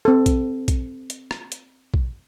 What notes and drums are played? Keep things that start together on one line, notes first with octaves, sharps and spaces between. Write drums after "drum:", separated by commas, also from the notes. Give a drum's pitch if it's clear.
C4 A4
drum: kick A#1, hi-hat
drum: kick A#1, hi-hat
drum: hi-hat
drum: rim click
drum: hi-hat
drum: kick A#1